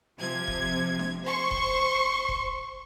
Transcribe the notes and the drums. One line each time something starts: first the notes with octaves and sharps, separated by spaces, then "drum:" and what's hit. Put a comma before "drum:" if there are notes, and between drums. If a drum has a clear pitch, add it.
C3 F3 G#6
drum: kick E1
drum: snare D4
C5 C6 C#6
drum: kick E1
drum: kick E1